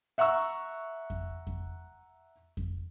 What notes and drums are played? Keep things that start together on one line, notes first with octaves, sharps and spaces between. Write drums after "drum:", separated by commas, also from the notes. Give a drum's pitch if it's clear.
E5 F#5 A#5 C#6 E6
drum: kick F2
drum: kick F2
drum: kick F2